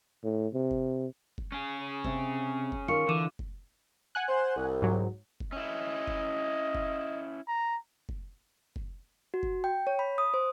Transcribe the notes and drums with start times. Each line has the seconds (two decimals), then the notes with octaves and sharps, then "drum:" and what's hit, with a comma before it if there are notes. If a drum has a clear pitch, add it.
0.24 A2
0.54 C3
0.71 drum: kick F#1
1.38 drum: kick F#1
1.52 C#4 G#4
2.04 C3 C4, drum: kick F#1
2.72 drum: kick F#1
2.88 D#3 F4 A#4 C#6 C#7
3.09 D3 E3 D6 D#7 E7
3.39 drum: kick F#1
4.15 F#5 G#5 F#6
4.29 C5
4.56 C2
4.82 G#2 F#3
5.40 drum: kick F#1
5.52 C#4 E4 D#5
6.08 drum: kick F#1
6.75 drum: kick F#1
7.47 A#5
8.09 drum: kick F#1
8.76 drum: kick F#1
9.34 F#4
9.43 drum: kick F#1
9.64 G5
9.87 C#5
9.99 B5
10.18 D#6
10.34 C5